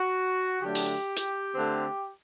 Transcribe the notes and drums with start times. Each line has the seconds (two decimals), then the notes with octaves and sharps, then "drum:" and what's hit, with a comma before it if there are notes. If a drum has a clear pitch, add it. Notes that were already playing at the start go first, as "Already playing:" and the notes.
Already playing: F#4
0.62 D3 F#3 A3 D4 G4
0.75 drum: open hi-hat
1.17 drum: hi-hat
1.55 D3 A3 C4